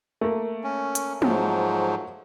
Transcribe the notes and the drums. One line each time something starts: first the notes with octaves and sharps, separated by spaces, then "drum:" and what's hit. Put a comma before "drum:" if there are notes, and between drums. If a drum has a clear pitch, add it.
A3 A#3
C#4
drum: hi-hat
G#2 F3 F#3, drum: tom